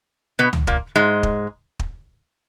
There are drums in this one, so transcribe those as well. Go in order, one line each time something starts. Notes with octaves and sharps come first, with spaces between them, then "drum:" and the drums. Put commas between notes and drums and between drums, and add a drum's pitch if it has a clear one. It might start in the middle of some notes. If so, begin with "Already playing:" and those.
B2 B3
drum: tom C#2
A#2 A#3, drum: kick
G#2 G#3
drum: kick
drum: kick